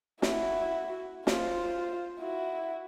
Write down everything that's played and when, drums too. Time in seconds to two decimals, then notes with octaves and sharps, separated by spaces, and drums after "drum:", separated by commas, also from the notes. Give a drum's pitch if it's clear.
0.22 E4 F#4, drum: snare
1.27 F4 C5, drum: snare
2.20 E4 F#4